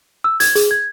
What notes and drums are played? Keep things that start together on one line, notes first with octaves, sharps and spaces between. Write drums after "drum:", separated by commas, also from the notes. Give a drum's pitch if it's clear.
E6
G#6, drum: hi-hat
G#4, drum: hi-hat
G#6